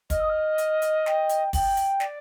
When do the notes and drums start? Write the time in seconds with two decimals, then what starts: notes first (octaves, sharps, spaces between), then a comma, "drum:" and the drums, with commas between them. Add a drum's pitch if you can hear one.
0.10 D#5 F6, drum: kick, hi-hat
0.20 D#6
0.29 F6
0.58 drum: hi-hat
0.82 drum: hi-hat
1.06 G5, drum: snare
1.29 drum: hi-hat
1.53 G5, drum: kick, open hi-hat
1.77 drum: hi-hat
2.00 D5, drum: snare